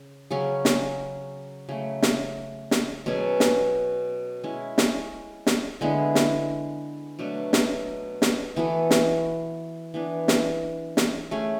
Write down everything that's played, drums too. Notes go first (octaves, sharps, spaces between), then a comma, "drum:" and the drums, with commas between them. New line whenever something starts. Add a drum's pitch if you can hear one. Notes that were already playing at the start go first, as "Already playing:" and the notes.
Already playing: C#3
C#3 F#3 C#4 G#4
drum: snare
C#3 F#3 A3
drum: snare
drum: snare
B2 F#3 C#4 G#4
drum: snare
G#3 C#4 E4
drum: snare
drum: snare
D3 G#3 B3 E4
drum: snare
B2 F#3 A3 D4
drum: snare
drum: snare
E3 B3 F#4 A4
drum: snare
E3 B3 D4
drum: snare
drum: snare
A3 C#4 G#4